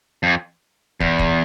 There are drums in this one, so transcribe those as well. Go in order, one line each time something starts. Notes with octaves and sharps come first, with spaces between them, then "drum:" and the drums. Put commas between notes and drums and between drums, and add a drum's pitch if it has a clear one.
F2
E2, drum: kick
drum: kick